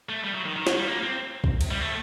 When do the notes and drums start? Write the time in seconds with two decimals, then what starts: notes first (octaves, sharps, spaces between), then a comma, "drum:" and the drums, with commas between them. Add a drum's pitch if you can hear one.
0.09 A3
0.24 G3
0.34 F#3
0.46 D#3
0.56 D#3
0.67 F#3, drum: snare
0.76 G3
0.87 A#3
1.03 C4
1.44 drum: kick B1
1.61 drum: cymbal
1.71 G3
1.80 A3